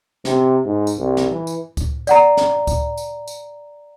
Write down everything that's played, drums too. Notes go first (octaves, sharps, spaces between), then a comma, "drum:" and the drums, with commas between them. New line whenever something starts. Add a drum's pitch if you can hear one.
C3, drum: snare
G#2
drum: tambourine
C2
drum: snare
E3
drum: tambourine
drum: kick C#2, tambourine
D5 F#5 A#5, drum: tambourine
drum: snare
drum: kick C#2, tambourine
drum: tambourine
drum: tambourine